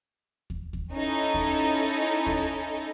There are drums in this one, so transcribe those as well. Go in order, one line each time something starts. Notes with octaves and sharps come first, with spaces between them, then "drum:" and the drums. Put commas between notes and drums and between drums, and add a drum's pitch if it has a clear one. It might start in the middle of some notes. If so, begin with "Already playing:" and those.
drum: kick D#2
drum: kick D#2
C#4 D#4 E4 A4
drum: kick D#2
drum: kick D#2